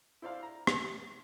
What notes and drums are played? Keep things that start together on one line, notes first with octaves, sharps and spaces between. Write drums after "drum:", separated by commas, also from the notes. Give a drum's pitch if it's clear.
E4 C5 D5 F5
A#5
drum: rim click